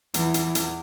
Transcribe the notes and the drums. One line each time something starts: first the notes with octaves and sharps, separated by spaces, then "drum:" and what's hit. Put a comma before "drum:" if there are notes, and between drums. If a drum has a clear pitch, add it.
E2 E3, drum: hi-hat
E2, drum: hi-hat
E2, drum: hi-hat